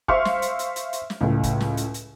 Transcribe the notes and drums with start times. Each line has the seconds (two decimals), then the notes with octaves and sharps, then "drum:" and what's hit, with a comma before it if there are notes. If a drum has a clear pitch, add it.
0.08 C5 E5 F5 C6 C#6 F6, drum: kick F#1
0.25 drum: snare
0.42 drum: hi-hat
0.59 drum: hi-hat
0.76 drum: hi-hat
0.93 drum: hi-hat
1.10 drum: snare
1.21 C#2 A2
1.44 drum: kick F#1, hi-hat
1.60 drum: snare
1.77 drum: hi-hat
1.94 drum: hi-hat